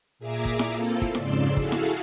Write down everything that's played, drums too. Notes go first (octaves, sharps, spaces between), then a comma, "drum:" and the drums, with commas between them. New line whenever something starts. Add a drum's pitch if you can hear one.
A#2 G#4 E5 A#5 D6
drum: kick
drum: snare E4
A#3 C4 E4 F4 A4
drum: kick
F2 G#2 C#3 D5 C6 E6, drum: snare E4
E4 F#4 G#4 A4 F5, drum: kick
drum: snare E4